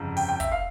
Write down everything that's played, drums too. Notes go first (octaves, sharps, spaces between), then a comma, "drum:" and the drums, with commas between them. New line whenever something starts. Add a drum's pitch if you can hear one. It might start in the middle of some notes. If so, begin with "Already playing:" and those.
Already playing: G1 F2 C#3
G5, drum: open hi-hat
G5
E5, drum: kick, hi-hat
F5